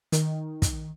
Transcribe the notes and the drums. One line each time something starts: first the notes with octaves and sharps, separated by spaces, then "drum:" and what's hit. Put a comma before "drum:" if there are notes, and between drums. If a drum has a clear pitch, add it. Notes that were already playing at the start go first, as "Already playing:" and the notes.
D#3, drum: hi-hat
drum: kick, hi-hat